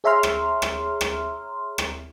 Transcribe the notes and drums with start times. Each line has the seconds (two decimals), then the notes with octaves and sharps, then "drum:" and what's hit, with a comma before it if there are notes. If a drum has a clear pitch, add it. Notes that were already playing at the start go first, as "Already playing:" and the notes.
0.04 G#4 C#5 E5 A#5 C6 F6
0.23 drum: rim click
0.62 drum: rim click
1.01 drum: rim click
1.78 drum: rim click